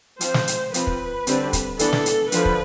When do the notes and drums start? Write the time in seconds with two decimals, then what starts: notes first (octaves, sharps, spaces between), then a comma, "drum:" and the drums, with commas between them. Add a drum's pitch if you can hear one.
0.21 F3 C4 C5, drum: hi-hat
0.34 drum: snare
0.47 drum: hi-hat
0.74 F3 C4 B4, drum: hi-hat
0.87 drum: kick
1.27 D3 G3 C4, drum: hi-hat
1.53 drum: kick, hi-hat
1.79 E3 B3 D4 A4, drum: hi-hat
1.93 drum: snare
2.06 drum: hi-hat
2.32 D3 F3 B4, drum: hi-hat
2.45 drum: kick